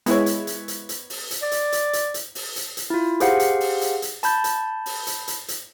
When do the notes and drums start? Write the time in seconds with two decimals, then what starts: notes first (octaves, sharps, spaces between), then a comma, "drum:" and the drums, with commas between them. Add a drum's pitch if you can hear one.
0.06 G#3 B3 E4 C#5, drum: hi-hat
0.26 drum: hi-hat
0.47 drum: hi-hat
0.68 drum: hi-hat
0.89 drum: hi-hat
1.10 drum: open hi-hat
1.31 drum: hi-hat
1.43 D5
1.52 drum: hi-hat
1.72 drum: hi-hat
1.93 drum: hi-hat
2.14 drum: hi-hat
2.35 drum: open hi-hat
2.56 drum: hi-hat
2.77 drum: hi-hat
2.90 E4 F4
3.20 G4 G#4 C5 F5 F#5, drum: hi-hat
3.40 drum: hi-hat
3.60 drum: open hi-hat
3.81 drum: hi-hat
4.02 drum: hi-hat
4.23 A5 B5 G6, drum: hi-hat
4.44 drum: hi-hat
4.86 drum: open hi-hat
5.07 drum: hi-hat
5.28 drum: hi-hat
5.48 drum: hi-hat